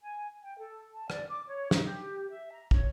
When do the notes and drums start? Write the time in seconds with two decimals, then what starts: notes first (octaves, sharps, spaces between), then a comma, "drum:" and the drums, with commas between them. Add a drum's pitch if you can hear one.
0.01 G#5
0.44 G5
0.58 A4
0.94 A5
1.10 D5, drum: rim click
1.28 D6
1.47 C#5
1.71 D#4, drum: snare
1.84 G4
2.31 E5
2.51 A#5
2.71 C#5, drum: kick